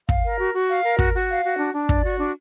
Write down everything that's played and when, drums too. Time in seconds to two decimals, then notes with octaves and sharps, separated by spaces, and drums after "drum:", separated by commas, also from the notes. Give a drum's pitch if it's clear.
0.09 F5, drum: kick
0.23 A#4
0.39 F#4
0.54 F#4
0.69 F5
0.83 A#4
0.99 F#4, drum: kick
1.14 F#4
1.29 F5
1.44 F#4
1.58 D4
1.74 D4
1.89 D5, drum: kick
2.03 F#4
2.19 D4